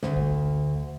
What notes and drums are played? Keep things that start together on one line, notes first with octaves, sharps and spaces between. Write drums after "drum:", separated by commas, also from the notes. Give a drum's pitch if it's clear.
D2, drum: snare
drum: kick